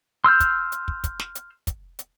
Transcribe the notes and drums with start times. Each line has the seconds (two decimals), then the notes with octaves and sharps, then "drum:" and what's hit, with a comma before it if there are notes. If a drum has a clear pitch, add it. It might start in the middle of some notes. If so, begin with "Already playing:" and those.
0.24 C6 E6 F6 G6
0.40 drum: kick, hi-hat
0.72 drum: hi-hat
0.88 drum: kick
1.04 drum: kick, hi-hat
1.19 drum: snare
1.35 drum: hi-hat
1.67 drum: kick, hi-hat
1.99 drum: hi-hat